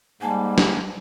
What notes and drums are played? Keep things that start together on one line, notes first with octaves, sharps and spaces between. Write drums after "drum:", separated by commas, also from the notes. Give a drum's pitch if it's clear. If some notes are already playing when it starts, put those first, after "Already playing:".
G#2 G3 A#3 F#5 G#5 A5
drum: snare